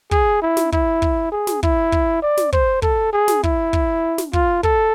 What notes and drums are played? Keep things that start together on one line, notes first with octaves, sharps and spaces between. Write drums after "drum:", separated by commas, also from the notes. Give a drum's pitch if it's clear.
G#4, drum: kick
E4
drum: snare
E4, drum: kick
drum: kick
G#4
drum: snare
E4, drum: kick
drum: kick
D5
drum: snare
C5, drum: kick
A4, drum: kick
G#4
drum: snare
E4, drum: kick
drum: kick
drum: snare
F4, drum: kick
A4, drum: kick